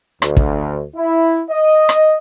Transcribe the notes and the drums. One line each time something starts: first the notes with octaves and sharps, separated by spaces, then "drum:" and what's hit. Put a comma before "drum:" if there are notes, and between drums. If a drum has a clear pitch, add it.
D2, drum: rim click
drum: kick
E4
D#5
drum: rim click